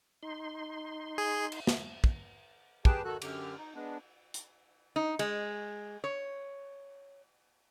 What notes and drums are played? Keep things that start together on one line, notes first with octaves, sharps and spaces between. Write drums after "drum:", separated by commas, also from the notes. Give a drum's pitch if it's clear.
D#4 C6
G#4
drum: cymbal
drum: snare
drum: kick
G4 G#4 B4 G5 A5, drum: kick
D#3 F#4 A4 F#6
F#2 D3 G4 F6, drum: cymbal
D#4
G#3 B3 D4
drum: hi-hat
D#4
G#3, drum: cymbal
C#5